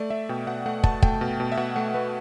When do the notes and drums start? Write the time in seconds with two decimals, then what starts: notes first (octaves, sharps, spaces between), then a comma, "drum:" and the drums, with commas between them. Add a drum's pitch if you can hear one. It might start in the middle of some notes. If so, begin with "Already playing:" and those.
Already playing: A3 D5
0.10 A3 E5
0.29 B2 G5
0.47 B2 F#5
0.66 A3 F#5
0.84 A3 A5, drum: kick
1.02 A3 G5, drum: kick
1.21 B2
1.40 B2
1.52 E5
1.57 B2 F#5
1.76 A3 F#5
1.94 A3 B4